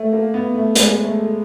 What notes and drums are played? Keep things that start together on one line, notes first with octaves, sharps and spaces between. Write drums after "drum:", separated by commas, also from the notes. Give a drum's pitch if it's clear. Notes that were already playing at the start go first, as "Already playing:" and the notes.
Already playing: A3
A#3
B3
A3
G#3, drum: hi-hat
A3